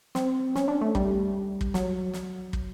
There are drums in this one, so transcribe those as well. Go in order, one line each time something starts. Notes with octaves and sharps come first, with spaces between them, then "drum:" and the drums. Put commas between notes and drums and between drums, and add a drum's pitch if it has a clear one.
C4, drum: snare
C#4, drum: snare
D4
A3
G3, drum: kick
drum: kick
F#3, drum: snare
drum: snare
drum: kick